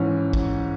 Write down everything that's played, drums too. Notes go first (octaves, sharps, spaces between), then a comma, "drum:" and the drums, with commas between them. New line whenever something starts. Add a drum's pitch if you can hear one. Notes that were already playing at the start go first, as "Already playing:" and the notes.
Already playing: G#2 E3 C#4
drum: kick